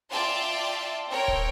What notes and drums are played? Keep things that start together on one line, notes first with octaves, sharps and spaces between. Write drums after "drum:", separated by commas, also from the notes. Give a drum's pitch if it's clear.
F4 D5 E5 G5 A5 C6
C4 A#4 C#5 G5
drum: kick D1